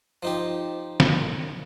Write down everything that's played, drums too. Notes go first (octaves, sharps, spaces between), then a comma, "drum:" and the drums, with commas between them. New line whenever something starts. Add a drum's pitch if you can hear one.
F3 D#4 G4
drum: snare